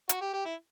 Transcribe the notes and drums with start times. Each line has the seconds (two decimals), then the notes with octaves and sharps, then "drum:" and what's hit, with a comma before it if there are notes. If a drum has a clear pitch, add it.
0.09 F#4, drum: hi-hat
0.21 G4
0.34 G4
0.46 E4